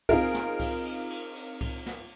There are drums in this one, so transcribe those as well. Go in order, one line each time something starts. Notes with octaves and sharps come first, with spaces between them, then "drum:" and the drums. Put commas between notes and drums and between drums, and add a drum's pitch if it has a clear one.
C4 D#4 F4 G#4 A#4, drum: kick C2, cymbal
drum: snare
drum: kick C2, cymbal
drum: cymbal
drum: cymbal
drum: cymbal
drum: kick C2, cymbal
drum: snare